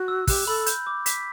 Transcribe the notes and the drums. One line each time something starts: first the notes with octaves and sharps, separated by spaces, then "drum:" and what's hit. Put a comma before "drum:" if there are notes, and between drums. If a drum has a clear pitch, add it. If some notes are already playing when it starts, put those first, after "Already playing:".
Already playing: F#4
E6
G4 F#6, drum: kick, open hi-hat
A4 B5
G6, drum: hi-hat
D6
B6, drum: hi-hat